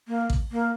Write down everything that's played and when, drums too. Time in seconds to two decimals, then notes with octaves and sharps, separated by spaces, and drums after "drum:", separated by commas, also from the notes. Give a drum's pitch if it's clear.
0.08 A#3
0.30 drum: kick A1
0.52 A#3